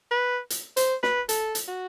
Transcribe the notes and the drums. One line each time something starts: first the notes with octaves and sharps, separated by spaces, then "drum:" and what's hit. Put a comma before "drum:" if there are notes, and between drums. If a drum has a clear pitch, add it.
B4
drum: hi-hat
C5, drum: hi-hat
B4, drum: snare
A4, drum: hi-hat
drum: hi-hat
F#4